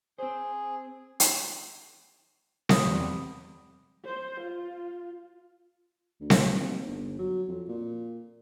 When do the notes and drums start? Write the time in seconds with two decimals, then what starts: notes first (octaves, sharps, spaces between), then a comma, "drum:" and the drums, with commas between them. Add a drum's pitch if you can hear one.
0.18 C4 G#4 C5
1.20 drum: hi-hat
2.69 B5 D#6, drum: snare C4
2.87 E2 C3 G3
4.05 C5
4.41 F4
6.21 D2
6.30 drum: snare C4
6.49 D#2
6.88 G1
7.19 F#3
7.48 F2
7.68 A#2